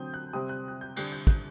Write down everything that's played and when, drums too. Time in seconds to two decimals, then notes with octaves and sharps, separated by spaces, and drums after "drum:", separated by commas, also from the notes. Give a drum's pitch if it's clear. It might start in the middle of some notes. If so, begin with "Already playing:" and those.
Already playing: D3 F#3 C4 D#6 G6
0.14 F#6
0.33 C3 G3 C4 D#6
0.49 F#6
0.68 F#6
0.81 G6
0.96 D3 G3 C4 F#6, drum: cymbal
1.12 G6
1.27 F#6, drum: kick